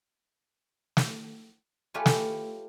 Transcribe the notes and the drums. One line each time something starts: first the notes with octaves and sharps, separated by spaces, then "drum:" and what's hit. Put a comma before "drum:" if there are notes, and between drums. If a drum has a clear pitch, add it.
drum: snare
A3 F4 G4 B4 C#5 G#5
G5, drum: snare